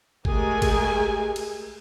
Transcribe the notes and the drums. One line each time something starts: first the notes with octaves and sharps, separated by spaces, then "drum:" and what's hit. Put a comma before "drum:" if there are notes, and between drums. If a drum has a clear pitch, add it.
G#3 A3 G4 G#4 A#4 G#5, drum: kick G#1
drum: kick G#1, cymbal
drum: cymbal